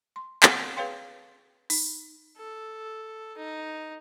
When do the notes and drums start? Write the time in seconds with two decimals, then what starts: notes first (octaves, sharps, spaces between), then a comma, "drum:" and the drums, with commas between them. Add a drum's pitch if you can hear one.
0.16 C6
0.43 C4 F5 F#5, drum: clap
0.76 G#4 B4 C#5 F5 G5 C6
1.70 D#4, drum: open hi-hat
2.37 A4
3.37 D#4